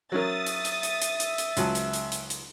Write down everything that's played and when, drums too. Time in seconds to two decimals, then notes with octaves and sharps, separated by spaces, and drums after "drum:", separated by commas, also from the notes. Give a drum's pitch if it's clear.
0.12 F#3 C#4 A#4 E5 D#6 A6
0.46 drum: hi-hat
0.65 drum: hi-hat
0.83 drum: hi-hat
1.02 drum: hi-hat
1.20 drum: hi-hat
1.38 drum: hi-hat
1.57 C#2 F#3 A5, drum: hi-hat
1.75 drum: hi-hat
1.93 drum: hi-hat
2.12 drum: hi-hat
2.30 drum: hi-hat